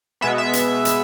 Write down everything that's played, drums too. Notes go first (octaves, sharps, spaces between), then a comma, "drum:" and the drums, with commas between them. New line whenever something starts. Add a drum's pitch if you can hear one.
B2 G#3 B3 E5
E5
drum: hi-hat
drum: hi-hat